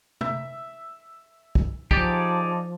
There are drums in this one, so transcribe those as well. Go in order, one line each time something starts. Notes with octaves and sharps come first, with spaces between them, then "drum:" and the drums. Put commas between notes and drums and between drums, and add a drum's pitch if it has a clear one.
E5, drum: tom
drum: kick
F3 D#4 G4 G#4 D5, drum: kick